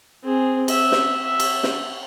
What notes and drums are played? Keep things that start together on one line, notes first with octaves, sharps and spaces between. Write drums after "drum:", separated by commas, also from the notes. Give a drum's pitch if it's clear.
C4 G#4
E5, drum: cymbal
drum: snare
E5
drum: cymbal
drum: snare